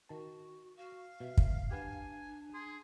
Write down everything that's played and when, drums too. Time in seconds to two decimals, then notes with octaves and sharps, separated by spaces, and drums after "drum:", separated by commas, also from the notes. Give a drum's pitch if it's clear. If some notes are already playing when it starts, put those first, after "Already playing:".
0.09 D#3 F#4 A5
0.77 F#4 F5
1.20 B2 E5
1.37 drum: kick
1.71 D4 G4 B4 F#5 G#5
2.54 G#4 C6